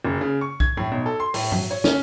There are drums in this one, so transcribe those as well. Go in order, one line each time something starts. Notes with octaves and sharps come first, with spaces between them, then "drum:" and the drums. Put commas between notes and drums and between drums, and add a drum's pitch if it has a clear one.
F#1
C#3
C#6
G#6, drum: kick B1
A2, drum: tom G2
B1
A4
C6
A2, drum: open hi-hat
F#3, drum: tom G2
C#5
C#4, drum: snare